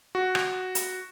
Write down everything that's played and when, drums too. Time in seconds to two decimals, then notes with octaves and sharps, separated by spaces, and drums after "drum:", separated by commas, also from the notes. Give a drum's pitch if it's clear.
0.15 F#4
0.35 drum: rim click
0.75 drum: hi-hat